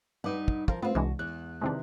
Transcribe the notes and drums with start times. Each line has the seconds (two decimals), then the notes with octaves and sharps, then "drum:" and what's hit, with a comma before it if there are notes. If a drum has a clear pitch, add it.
0.24 G2 D#4 B4 F#5 D6
0.48 drum: kick
0.68 F3 F4 A#4, drum: kick
0.82 G#2 A3 B3 C4 F4
0.95 C2 E3 G#3 D4 F#4
1.19 E2 F#6
1.62 C3 D#3 E3 G#3 C4 D4